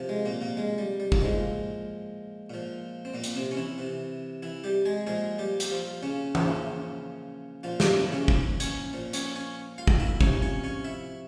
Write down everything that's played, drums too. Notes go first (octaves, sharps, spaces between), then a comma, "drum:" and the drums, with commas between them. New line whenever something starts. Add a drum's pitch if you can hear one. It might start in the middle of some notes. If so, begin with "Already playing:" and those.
Already playing: C3 F3
G#3
A#2 A#3
A#2 A#3
G#3
G3
G3
A#3, drum: kick
A#2 F3 G#3
A#2 F3
C4
A#2 A#3
drum: hi-hat
C3 C4
C#4
E3 E4
C3 E3
E3 E4
G3 G4
G#3 G#4
A#2 F3 G#3 G#4
G3 G4
G4, drum: hi-hat
F3 F4
C#3 C#4
A#2 C#3 F3 C#4, drum: tom E3
A#2 F3 F4
G3 G4, drum: snare
E3 E4
C#3 C#4
E3 E4, drum: kick
C#4 C#5, drum: hi-hat
A#2 F3
C#4 C#5, drum: hi-hat
C#4 C#5
F4 F5
drum: kick
E4 E5
C3 F3 C#4 C#5, drum: kick
C#4 C#5
C#4 C#5
E4 E5